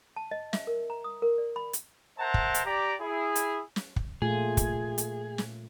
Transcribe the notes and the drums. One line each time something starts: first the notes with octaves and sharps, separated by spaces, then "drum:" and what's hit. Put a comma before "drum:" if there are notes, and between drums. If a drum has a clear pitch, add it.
A5
D#5
E5, drum: snare
A#4
A#5
D#6
A#4
D5
B5
drum: hi-hat
A#4 C5 E5 F#5 A5 A#5
drum: kick
drum: hi-hat
G4 D5 A#5
E4 G#4
drum: hi-hat
drum: snare
drum: kick
A#2 A3 F4 G#4
drum: kick, hi-hat
drum: hi-hat
drum: snare